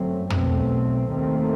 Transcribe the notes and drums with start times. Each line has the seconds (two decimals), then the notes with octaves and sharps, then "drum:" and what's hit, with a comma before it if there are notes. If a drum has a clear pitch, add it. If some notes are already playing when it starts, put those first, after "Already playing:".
Already playing: G1 F#2 F#3 A3 C4
0.30 B1 B2 A3 C4, drum: tom
1.12 D#2 D#3 A3 C4